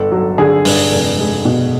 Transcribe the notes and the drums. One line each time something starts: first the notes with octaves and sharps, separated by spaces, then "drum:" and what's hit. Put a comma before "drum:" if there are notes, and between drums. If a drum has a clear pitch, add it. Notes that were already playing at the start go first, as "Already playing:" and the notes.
Already playing: G1 A4
F#3
D3 G#4
G2, drum: open hi-hat
F1
G#3
B2